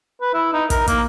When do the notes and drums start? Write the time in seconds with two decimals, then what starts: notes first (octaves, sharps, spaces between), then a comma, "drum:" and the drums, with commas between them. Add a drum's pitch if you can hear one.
0.21 B4
0.34 E4
0.53 D#4
0.70 A#4, drum: kick, hi-hat
0.88 A#3, drum: kick, hi-hat